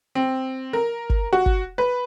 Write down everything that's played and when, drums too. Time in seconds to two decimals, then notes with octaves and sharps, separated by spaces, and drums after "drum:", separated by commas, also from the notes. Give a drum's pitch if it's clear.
0.15 C4
0.73 A#4
1.10 drum: kick G1
1.33 F#4
1.46 drum: kick G1
1.78 B4